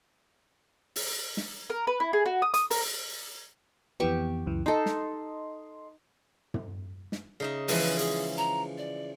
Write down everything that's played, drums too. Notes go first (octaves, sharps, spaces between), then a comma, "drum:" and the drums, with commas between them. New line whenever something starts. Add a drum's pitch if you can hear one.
drum: open hi-hat
drum: snare
A#4
B4
E4
G#4
F#4
D#6
D#6, drum: hi-hat
A#4, drum: open hi-hat
F2 E3 B3 G4 C#6
C#2 F#2 E3
D#4 A4 D#5 C6
drum: snare
drum: tom
drum: snare
C#3 D#4 E5
E3 F3 G#3 B4, drum: open hi-hat
G#4, drum: hi-hat
A#5, drum: cymbal
D5